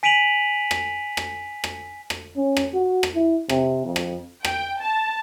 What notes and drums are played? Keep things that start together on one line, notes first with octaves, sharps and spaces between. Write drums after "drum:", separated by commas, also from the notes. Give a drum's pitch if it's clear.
G#5 B6 D7 D#7 F7 F#7
drum: rim click
drum: rim click
drum: rim click
drum: rim click
C#4
drum: rim click
F#4
drum: rim click
E4
C3, drum: rim click
F2
drum: rim click
G5, drum: rim click
A5